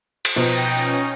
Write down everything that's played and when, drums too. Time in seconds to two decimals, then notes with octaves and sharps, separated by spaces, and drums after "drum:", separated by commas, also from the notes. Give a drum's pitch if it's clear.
0.25 drum: cymbal
0.36 B2 F3 D#4 G5 A#6
0.73 C#4